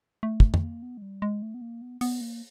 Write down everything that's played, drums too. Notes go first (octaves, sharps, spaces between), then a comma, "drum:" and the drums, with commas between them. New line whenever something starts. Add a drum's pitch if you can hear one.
A3
drum: kick
drum: tom F2
A#3
B3
G#3
G3
G#3
A3
B3
A#3
B3
B3, drum: open hi-hat
A#3